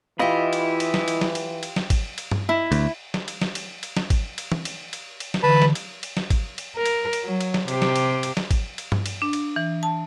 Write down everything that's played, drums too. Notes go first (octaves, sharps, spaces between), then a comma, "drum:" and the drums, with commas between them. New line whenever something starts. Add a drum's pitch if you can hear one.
E3 E4 F4 G4 D#5 B5
drum: cymbal
drum: cymbal
drum: snare
drum: cymbal
drum: snare
drum: cymbal
drum: cymbal
drum: snare
drum: kick, cymbal
drum: cymbal
drum: tom G2
E4
D2, drum: cymbal
drum: snare
drum: cymbal
drum: snare
drum: cymbal
drum: cymbal
drum: snare
drum: kick, cymbal
drum: cymbal
drum: tom
drum: cymbal
drum: cymbal
drum: cymbal
drum: snare
D3 E3 B4 A5 B5
drum: snare
drum: cymbal
drum: cymbal
drum: snare
drum: kick, cymbal
drum: cymbal
A#4
drum: cymbal
drum: cymbal
F#3
drum: cymbal
drum: snare
C3 G4, drum: cymbal
drum: snare
drum: cymbal
drum: cymbal
drum: snare
drum: kick, cymbal
drum: cymbal
drum: tom G2
drum: cymbal
D4
drum: cymbal
E3
A5